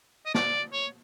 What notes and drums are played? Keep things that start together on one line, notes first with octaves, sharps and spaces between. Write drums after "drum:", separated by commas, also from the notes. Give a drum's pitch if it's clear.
D#5
D5, drum: snare
C#5